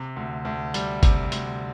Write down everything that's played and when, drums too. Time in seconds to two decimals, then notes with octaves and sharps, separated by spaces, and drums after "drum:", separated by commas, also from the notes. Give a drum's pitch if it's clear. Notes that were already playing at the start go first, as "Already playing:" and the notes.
Already playing: C3
0.16 D2
0.45 D2
0.74 G3, drum: hi-hat
1.03 C3, drum: kick G#1, hi-hat
1.32 D2, drum: hi-hat